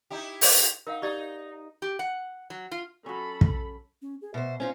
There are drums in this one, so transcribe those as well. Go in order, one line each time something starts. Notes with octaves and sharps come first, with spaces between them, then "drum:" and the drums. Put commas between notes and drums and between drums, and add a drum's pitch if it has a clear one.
D#4 E4 G4
drum: open hi-hat
D#4 A#4 F5 F#5
D#4 G4 D5 D#5
G4
F#5
F#3
F4
F#3 C#4 A4 B5
drum: kick
C#4
G#4
B2 C5 E5
C#4 D#4 F4 C5